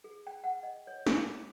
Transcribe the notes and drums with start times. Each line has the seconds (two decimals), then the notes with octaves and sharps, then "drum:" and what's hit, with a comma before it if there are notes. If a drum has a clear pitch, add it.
0.04 G#4
0.27 G5
0.44 F#5
0.63 D#5
0.87 C#5
1.07 drum: snare
1.21 D6